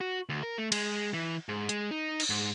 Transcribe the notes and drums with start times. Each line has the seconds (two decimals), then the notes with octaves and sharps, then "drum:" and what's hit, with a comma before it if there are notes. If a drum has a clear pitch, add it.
0.01 F#4
0.29 D2
0.43 A#4
0.58 A3
0.72 G#3, drum: cymbal
1.14 E3
1.49 G#2
1.69 G#3, drum: hi-hat
1.91 D#4
2.20 drum: cymbal
2.30 G#2